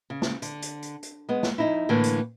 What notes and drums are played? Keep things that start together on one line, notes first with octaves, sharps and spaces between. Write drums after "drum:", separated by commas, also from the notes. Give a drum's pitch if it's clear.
C#3
drum: snare
D3, drum: hi-hat
drum: hi-hat
drum: hi-hat
drum: hi-hat
G#3 B3
drum: snare
F2 D#4 E4
A2 D3 E3 A3 A#3
drum: hi-hat